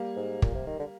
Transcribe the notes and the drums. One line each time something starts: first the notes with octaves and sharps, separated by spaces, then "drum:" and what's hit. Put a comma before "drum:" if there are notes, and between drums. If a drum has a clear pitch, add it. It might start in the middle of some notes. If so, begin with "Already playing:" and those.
Already playing: G3 A#3
G#2
A#2, drum: kick
C3
D#3
D3